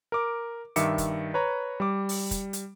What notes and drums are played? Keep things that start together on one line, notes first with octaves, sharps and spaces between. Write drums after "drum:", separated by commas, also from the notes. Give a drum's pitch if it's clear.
A#4 D6
G2 D#3 E5 D6 C#7, drum: hi-hat
drum: kick, hi-hat
B4 C#5 A#5
G3 D6
drum: open hi-hat
drum: kick, hi-hat
drum: hi-hat